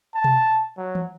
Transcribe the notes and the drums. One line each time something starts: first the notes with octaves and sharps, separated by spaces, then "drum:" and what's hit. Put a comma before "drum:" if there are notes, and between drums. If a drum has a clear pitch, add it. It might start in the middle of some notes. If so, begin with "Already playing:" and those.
A5
drum: tom B2
F#3
drum: tom E3